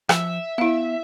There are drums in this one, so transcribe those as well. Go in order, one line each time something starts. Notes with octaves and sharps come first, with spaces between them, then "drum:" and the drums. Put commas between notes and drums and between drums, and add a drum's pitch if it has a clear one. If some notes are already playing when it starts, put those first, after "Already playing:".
F3 E5, drum: rim click
B3 E4 F5